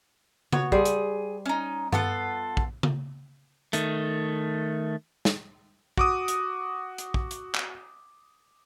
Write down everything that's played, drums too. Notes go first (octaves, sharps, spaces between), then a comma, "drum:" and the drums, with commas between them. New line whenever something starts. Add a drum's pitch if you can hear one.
B3 F#4 C#5, drum: tom C#3
G3 G#4 C5, drum: kick
drum: hi-hat
C#4 D#4
B3 F4 A4 F#5, drum: tom G2
drum: kick
drum: tom C#3
D#3 A3, drum: hi-hat
drum: snare
F#4 D6 D#6, drum: kick
drum: hi-hat
drum: hi-hat
drum: kick
drum: hi-hat
drum: clap